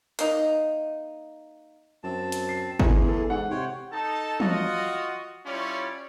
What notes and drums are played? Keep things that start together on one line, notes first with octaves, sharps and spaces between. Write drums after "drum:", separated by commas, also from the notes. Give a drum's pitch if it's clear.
A#3 D#4, drum: hi-hat
F#2 C4 A5
drum: hi-hat
C7
E2 G#4, drum: kick G1
A4
G#2 F#5
C3 C5 C#5 G5
D#4 A4 A5
F4 F#4 D#5, drum: tom
G3 C#4 E4 F4 C#5 D5